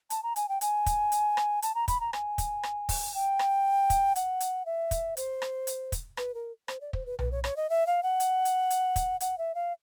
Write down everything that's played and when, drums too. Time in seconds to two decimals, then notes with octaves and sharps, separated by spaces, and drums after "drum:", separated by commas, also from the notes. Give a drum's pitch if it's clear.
0.10 A5, drum: hi-hat
0.23 A#5
0.36 G#5, drum: hi-hat
0.49 G5
0.61 G#5, drum: hi-hat
0.86 drum: kick, hi-hat
1.12 drum: hi-hat
1.37 drum: rim click
1.62 A5, drum: hi-hat
1.75 A#5
1.88 B5, drum: kick, hi-hat
2.00 A#5
2.13 G#5, drum: rim click
2.38 drum: kick, hi-hat
2.63 drum: rim click
2.89 drum: kick, open hi-hat
3.14 G5
3.39 drum: rim click
3.90 drum: kick, hi-hat
4.16 F#5, drum: hi-hat
4.40 drum: hi-hat
4.66 E5
4.91 drum: kick, hi-hat
5.17 C5, drum: hi-hat
5.42 drum: rim click
5.67 drum: hi-hat
5.92 drum: kick, hi-hat
6.17 B4, drum: rim click
6.34 A#4
6.68 C5, drum: rim click
6.81 D5
6.93 C5, drum: kick
7.06 B4
7.19 B4, drum: tom B1
7.31 C#5
7.44 C#5, drum: rim click
7.56 D#5
7.69 E5
7.87 F5
8.03 F#5
8.20 drum: hi-hat
8.45 drum: hi-hat
8.70 drum: hi-hat
8.96 drum: kick, hi-hat
9.20 F#5, drum: hi-hat
9.38 E5
9.55 F5